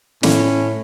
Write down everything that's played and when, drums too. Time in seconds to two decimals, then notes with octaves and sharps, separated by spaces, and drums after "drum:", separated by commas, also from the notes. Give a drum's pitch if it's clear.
0.23 A2 C#4, drum: snare